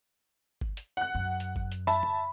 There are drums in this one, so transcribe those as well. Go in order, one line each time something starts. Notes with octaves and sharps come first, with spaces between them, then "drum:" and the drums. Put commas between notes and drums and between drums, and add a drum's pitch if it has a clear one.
drum: kick G1
drum: hi-hat
F#5 F#6
F#2
drum: hi-hat
drum: kick G1
drum: hi-hat
E5 A5 B5, drum: snare
drum: tom F2